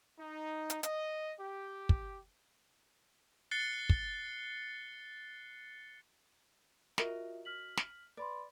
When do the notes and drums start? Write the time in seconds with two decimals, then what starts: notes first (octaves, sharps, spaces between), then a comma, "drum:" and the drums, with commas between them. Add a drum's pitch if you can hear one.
0.19 D#4
0.70 drum: hi-hat
0.83 D#5, drum: hi-hat
1.40 G4
1.89 drum: kick
3.51 F#6 A6 C7 C#7 G7
3.89 drum: kick
6.98 F4 F#4 A#4 D#5 E5, drum: snare
7.45 F6 B6 F#7
7.77 drum: snare
8.17 B4 D5 B5 C6